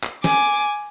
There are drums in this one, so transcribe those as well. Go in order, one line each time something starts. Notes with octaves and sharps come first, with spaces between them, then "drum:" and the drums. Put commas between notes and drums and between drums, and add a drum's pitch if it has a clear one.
drum: clap
G#5 D6, drum: snare